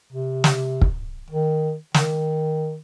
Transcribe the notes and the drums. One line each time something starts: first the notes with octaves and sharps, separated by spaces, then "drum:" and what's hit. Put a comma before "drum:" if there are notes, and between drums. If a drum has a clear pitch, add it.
C3
drum: snare
drum: kick
D#3
D#3, drum: snare